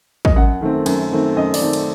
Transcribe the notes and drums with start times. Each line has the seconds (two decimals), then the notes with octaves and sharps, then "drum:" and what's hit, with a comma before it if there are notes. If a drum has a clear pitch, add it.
0.25 D#5, drum: kick
0.36 F#2 F#5
0.61 D#3 A3 C4
0.86 F#2, drum: cymbal
1.12 D#3 A3 C4
1.37 F#2 D#5
1.54 D5, drum: open hi-hat
1.61 D#3 A3 C4
1.73 drum: cymbal